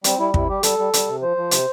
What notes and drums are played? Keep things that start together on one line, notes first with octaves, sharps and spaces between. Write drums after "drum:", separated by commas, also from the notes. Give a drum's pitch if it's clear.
G3 C4, drum: hi-hat
G3 E4
C3 E4, drum: kick
G3 G4
G3 A4, drum: hi-hat
G3
G3, drum: hi-hat
C3
F3 C5
F3
C3, drum: hi-hat